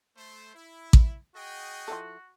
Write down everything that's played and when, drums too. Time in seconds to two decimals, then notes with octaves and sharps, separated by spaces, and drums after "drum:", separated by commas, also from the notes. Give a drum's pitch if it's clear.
0.16 A3 C5
0.55 E4
0.93 drum: kick A1
1.35 F#4 G#4 D#5 G5
1.88 F3 E4 A4